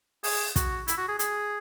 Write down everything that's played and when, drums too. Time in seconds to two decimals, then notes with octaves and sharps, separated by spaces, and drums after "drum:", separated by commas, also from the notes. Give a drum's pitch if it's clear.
0.23 G#4, drum: open hi-hat
0.56 F#4, drum: kick, hi-hat
0.88 E4, drum: hi-hat
0.98 F#4
1.08 G#4
1.19 G#4, drum: hi-hat